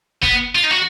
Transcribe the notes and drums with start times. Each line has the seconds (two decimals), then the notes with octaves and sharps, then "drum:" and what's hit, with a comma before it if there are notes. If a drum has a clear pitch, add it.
0.23 B3, drum: kick
0.55 F4
0.64 D#4
0.72 F#4